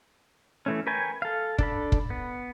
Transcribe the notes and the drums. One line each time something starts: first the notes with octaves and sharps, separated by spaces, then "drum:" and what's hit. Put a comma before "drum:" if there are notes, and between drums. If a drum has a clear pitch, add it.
E3 A3 C#4
A#4 B4 C#5 G5 G#5
A4 F5
D4 A4 B5, drum: kick
drum: kick
B3